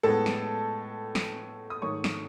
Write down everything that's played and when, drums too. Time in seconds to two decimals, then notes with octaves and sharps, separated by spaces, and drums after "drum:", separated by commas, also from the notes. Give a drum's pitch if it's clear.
0.03 A2 G#3 B3 A4 A5
0.26 drum: snare
1.15 drum: snare
1.70 D#6
1.82 G#2 D#3 A3 C#5 C#6
2.04 drum: snare